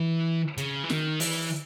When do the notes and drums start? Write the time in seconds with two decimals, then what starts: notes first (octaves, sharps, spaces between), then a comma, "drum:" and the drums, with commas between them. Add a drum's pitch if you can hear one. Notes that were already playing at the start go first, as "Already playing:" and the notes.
Already playing: E3
0.58 C#3, drum: hi-hat
0.84 E3
0.90 D#3, drum: snare
1.20 E3, drum: open hi-hat